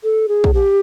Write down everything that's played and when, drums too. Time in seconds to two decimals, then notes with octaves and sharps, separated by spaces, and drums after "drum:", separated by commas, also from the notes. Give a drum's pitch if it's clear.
0.04 A4
0.28 G#4
0.44 drum: kick
0.54 G4